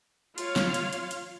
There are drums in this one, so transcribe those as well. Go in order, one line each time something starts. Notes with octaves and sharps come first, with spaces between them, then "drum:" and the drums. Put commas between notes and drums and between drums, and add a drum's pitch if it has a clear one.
F4 C#5 F5, drum: hi-hat
drum: snare
drum: hi-hat
drum: hi-hat
drum: hi-hat